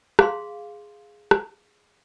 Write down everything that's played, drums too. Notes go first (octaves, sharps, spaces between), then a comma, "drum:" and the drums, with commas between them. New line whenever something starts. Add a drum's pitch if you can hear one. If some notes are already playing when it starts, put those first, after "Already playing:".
G#4 F5 C6, drum: rim click
drum: rim click